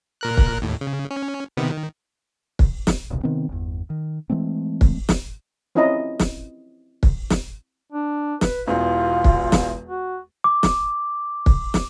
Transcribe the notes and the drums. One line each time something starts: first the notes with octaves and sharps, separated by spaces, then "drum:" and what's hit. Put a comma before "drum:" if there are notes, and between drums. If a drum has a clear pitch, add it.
A#2 A#4 F#6
drum: kick
D#2 A2
C#3
C#4
C3 D#3 B3
D#3
drum: kick
drum: snare
D#1 B1 C#3
C3 D#3 B3 C4
G1 E2
D#3
E3 G#3 A3 C4
drum: kick
drum: snare
C4 C#4 E4 F4 D#5 A#5
drum: snare
drum: kick
drum: snare
D4
B4, drum: snare
E1 E2 F4 F5
drum: kick
drum: snare
F#4
D6
drum: snare
drum: kick
drum: snare